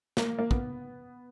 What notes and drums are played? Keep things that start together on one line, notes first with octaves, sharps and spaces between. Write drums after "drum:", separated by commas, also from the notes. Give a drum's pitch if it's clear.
A#3, drum: snare
A#3
B3, drum: kick